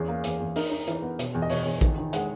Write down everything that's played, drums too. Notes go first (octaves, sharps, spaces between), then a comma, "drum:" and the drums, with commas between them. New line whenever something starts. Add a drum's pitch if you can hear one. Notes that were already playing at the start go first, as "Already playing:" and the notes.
Already playing: E2 C#4 G#4
A#3
E2, drum: hi-hat
E2
D#4 A#4, drum: open hi-hat
D#4
E3, drum: hi-hat
B3
B2, drum: hi-hat
E2
D#5
B2 C#5, drum: open hi-hat
E2
D#3, drum: kick, hi-hat
D#3
G#3 F#5, drum: hi-hat